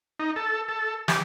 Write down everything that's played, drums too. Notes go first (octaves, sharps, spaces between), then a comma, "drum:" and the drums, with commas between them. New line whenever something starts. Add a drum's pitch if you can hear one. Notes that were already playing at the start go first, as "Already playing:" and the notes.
D#4
A4
A4
G4, drum: snare